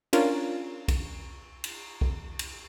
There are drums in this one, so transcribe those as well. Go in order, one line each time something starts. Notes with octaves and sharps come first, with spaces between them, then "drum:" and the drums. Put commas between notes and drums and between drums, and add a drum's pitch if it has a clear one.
C#4 D4 F4 A#4, drum: cymbal
drum: kick B1, cymbal
drum: cymbal
drum: kick B1
drum: cymbal